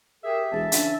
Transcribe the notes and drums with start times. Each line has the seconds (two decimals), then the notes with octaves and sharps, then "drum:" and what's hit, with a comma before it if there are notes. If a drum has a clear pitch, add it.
0.23 G4 G#4 A#4 E5
0.51 E1 E3 G#4 A5
0.72 C#3 D4, drum: hi-hat